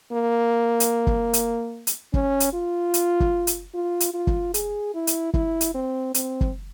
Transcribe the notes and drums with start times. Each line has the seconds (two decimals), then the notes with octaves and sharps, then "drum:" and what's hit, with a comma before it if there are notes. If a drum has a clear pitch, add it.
0.13 A#3
0.80 drum: hi-hat
1.07 drum: kick
1.33 drum: hi-hat
1.87 drum: hi-hat
2.14 C#4, drum: kick
2.40 drum: hi-hat
2.53 F4
2.94 drum: hi-hat
3.20 drum: kick
3.47 drum: hi-hat
3.74 F4
4.00 drum: hi-hat
4.14 F4
4.27 drum: kick
4.54 G#4, drum: hi-hat
4.94 E4
5.07 drum: hi-hat
5.34 E4, drum: kick
5.61 drum: hi-hat
5.75 C4
6.14 C4, drum: hi-hat
6.41 drum: kick